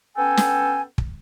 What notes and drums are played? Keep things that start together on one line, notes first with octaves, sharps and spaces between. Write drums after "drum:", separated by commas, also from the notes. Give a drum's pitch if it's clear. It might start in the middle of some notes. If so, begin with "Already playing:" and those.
B3 C#4 A4 G5 G#5
drum: snare
drum: kick